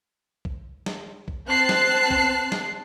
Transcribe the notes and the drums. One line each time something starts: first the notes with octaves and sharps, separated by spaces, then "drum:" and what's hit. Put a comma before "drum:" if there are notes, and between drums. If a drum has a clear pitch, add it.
drum: kick B1
drum: snare
drum: kick B1
C4 A5 F#6 C7
drum: snare
drum: kick B1
drum: snare